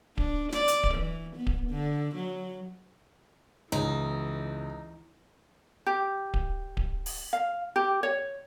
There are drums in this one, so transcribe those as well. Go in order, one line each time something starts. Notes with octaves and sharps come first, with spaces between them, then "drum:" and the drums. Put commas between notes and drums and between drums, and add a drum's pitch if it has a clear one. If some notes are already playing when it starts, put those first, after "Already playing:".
D4, drum: kick D1
D5, drum: snare
drum: hi-hat
drum: kick D1
E3
B3
drum: kick D1
D3
F#3
C#2 E3 D#4, drum: snare
G4
drum: kick D1
drum: kick D1
drum: open hi-hat
F5
G4
C#5